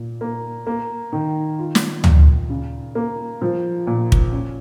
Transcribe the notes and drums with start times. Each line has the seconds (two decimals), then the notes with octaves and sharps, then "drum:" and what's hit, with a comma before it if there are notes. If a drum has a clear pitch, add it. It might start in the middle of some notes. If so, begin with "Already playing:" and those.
Already playing: A#2
0.21 A#3
0.67 A#3
1.12 D#3
1.58 F4
1.75 drum: snare
2.04 A#2, drum: tom
2.50 C#3
2.95 A#3
3.41 F3
3.87 A#2
4.12 drum: kick
4.32 C#4